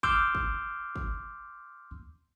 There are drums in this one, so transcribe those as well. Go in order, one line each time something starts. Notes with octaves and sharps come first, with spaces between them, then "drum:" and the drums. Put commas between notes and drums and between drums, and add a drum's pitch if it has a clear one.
C6 D6 E6 F6 G6, drum: kick
drum: kick
drum: kick